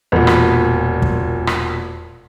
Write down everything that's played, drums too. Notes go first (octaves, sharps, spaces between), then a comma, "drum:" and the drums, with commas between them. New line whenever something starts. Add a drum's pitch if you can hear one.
E1 A#2
drum: rim click
drum: kick
drum: rim click